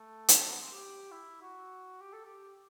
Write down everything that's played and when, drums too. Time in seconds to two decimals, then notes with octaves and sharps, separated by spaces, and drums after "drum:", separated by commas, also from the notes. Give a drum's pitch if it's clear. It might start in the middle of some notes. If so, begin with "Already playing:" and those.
Already playing: A3
0.28 drum: hi-hat
0.51 B3
0.61 C4
0.72 G4
1.11 E4
1.42 F#4
2.01 G4
2.13 A4
2.25 G4